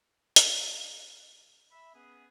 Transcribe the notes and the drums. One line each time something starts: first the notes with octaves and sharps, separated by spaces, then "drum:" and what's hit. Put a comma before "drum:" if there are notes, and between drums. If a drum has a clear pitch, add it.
drum: hi-hat
E5 B5
B3 C#4 G#4 B4